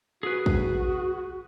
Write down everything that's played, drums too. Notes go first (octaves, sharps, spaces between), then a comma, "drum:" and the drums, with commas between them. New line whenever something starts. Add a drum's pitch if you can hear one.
F#4 G#4 B4
drum: kick